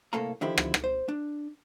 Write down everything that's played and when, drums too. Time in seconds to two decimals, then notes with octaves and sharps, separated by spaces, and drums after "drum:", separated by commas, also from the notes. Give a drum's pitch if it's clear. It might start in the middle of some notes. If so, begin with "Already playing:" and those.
0.13 C2 A2 A#3 A4 F5 A#5
0.41 D3 D#3 F3 E4 G4
0.58 drum: rim click
0.74 drum: rim click
0.84 C5
1.08 D4